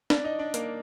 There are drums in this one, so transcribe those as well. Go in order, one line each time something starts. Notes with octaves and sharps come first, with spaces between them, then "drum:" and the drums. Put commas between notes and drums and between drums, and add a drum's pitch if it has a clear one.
D4 D5, drum: snare
D#4 D#5
D4 D5
A#3 A#4, drum: hi-hat